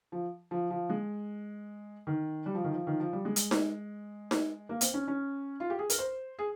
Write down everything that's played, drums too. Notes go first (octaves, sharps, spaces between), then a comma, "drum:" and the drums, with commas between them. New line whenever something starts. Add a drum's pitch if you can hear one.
F3
F3
F3
G#3
D#3
G3
F3
D#3
F3
D#3
F3
G3
G#3
drum: hi-hat
drum: snare D#4
drum: snare D#4
A#3
C4, drum: hi-hat
C#4
C#4
F4
G4
G#4
A#4, drum: hi-hat
C5
G#4